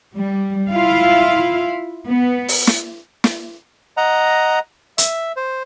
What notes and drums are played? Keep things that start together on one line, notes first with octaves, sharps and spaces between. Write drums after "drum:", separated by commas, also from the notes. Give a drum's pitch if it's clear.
G3
E4 F4 F5
B3
drum: open hi-hat
drum: snare
drum: snare
D#5 F#5 A#5
E5, drum: hi-hat
C5